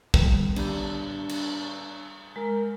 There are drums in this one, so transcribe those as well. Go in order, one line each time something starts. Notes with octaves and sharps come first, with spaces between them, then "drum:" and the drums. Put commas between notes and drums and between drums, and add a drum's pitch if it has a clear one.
G3 B3, drum: kick
B3 D4 G4, drum: cymbal
drum: cymbal
G#3 A#4